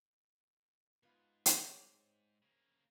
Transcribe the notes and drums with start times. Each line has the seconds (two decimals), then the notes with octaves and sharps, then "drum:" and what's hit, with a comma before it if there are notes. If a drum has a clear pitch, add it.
1.03 G#2 B3 F4 B4
1.46 drum: hi-hat
1.70 C4 G#4 C#5
2.42 C#3 A#3